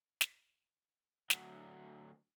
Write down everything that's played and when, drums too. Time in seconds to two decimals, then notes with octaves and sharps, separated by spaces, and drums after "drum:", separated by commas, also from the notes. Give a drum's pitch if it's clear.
0.21 drum: snare
1.30 D2 F#3, drum: snare